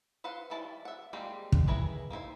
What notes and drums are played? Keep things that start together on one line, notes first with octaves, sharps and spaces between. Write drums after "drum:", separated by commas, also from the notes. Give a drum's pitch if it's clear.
B4 C5 F5 F#5
D#3 G3 E4 A5
E5 F#5
G3 G#3 A#3 C4 G4
drum: kick
E4 G#4 A#4 B4 D#5
A#3 D#4 E4 C5